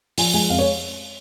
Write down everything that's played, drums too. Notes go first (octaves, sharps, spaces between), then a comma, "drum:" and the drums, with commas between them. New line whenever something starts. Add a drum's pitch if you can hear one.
F3 G#5, drum: open hi-hat
G#3 G#5
F2 F5
C#5